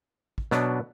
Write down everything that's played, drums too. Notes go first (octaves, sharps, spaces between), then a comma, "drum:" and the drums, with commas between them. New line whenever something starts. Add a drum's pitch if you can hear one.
drum: kick
B2 F#3 B3 D4, drum: snare